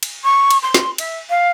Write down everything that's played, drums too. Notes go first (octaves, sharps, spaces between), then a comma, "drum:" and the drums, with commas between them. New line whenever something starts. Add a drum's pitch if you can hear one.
drum: cymbal
C#6
drum: cymbal
C6
drum: snare
E5, drum: cymbal
F5